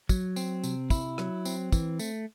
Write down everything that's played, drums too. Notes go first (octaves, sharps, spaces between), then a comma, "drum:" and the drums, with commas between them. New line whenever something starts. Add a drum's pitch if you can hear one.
F#3, drum: kick, tambourine
C4, drum: tambourine
C3, drum: tambourine
E4, drum: kick, tambourine
F#3, drum: rim click
C4, drum: tambourine
E3, drum: kick, tambourine
A3, drum: tambourine